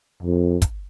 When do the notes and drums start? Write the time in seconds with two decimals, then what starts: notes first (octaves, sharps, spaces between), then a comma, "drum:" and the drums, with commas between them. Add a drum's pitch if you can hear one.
0.23 F2
0.62 drum: kick, hi-hat